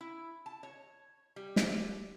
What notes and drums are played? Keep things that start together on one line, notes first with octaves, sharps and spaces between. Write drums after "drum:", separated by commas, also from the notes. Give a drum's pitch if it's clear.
E4
A5
C#5
G3
drum: snare